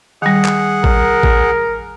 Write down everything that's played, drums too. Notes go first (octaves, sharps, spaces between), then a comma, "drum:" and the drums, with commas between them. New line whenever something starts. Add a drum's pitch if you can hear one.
D#3 G3 G#4 F#5
drum: clap
A#4, drum: kick A1
drum: kick A1